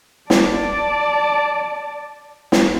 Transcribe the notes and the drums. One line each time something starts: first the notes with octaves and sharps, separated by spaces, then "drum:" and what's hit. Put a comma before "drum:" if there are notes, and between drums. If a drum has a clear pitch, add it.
D5 A5, drum: snare
drum: snare